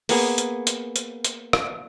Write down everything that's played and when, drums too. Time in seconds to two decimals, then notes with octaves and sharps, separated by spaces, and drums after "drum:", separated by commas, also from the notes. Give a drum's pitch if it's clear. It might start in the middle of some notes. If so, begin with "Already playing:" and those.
0.09 A#3 B3 G#4, drum: open hi-hat
0.38 drum: hi-hat
0.67 drum: hi-hat
0.96 drum: hi-hat
1.24 drum: hi-hat
1.53 drum: rim click